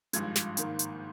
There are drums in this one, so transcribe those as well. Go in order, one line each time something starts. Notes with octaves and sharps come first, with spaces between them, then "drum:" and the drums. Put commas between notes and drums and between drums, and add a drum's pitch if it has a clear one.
G#1 G2 F3 G#3 G#6, drum: hi-hat
drum: snare
G#1 G#2 D#3 A#3, drum: hi-hat
drum: hi-hat